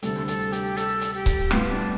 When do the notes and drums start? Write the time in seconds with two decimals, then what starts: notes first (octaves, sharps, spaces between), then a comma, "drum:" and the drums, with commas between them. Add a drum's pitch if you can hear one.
0.02 D2 C3 G3 A4, drum: hi-hat
0.28 A4, drum: hi-hat
0.52 G4, drum: hi-hat
0.77 A4, drum: hi-hat
1.01 drum: hi-hat
1.14 G4
1.26 drum: kick C#1, hi-hat
1.51 A2 G3 B3 F4, drum: rim click
1.69 D4